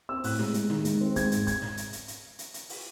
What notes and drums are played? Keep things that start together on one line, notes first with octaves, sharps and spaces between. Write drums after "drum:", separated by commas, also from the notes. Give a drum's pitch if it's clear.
C4 E6
A2 F#6, drum: open hi-hat
G#3, drum: snare
G#3, drum: hi-hat
D#3, drum: snare
G#3, drum: hi-hat
C4
G#3 G#6, drum: kick, hi-hat
G#2, drum: hi-hat
G#6, drum: kick, hi-hat
drum: snare
drum: hi-hat
drum: hi-hat
drum: hi-hat
drum: hi-hat
drum: hi-hat
drum: open hi-hat